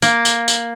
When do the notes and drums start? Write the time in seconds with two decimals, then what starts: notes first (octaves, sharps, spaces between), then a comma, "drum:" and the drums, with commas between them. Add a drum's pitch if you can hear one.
0.02 A#3, drum: tambourine
0.25 drum: tambourine
0.48 drum: tambourine